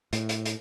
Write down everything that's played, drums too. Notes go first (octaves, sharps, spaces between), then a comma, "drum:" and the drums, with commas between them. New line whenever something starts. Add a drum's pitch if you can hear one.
A2, drum: hi-hat
drum: hi-hat
drum: hi-hat